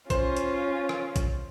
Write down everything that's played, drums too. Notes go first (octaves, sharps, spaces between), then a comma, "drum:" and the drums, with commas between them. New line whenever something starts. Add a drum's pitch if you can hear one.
C#4 F4 C5, drum: kick A#1, hi-hat
drum: hi-hat
drum: rim click
drum: kick A#1, hi-hat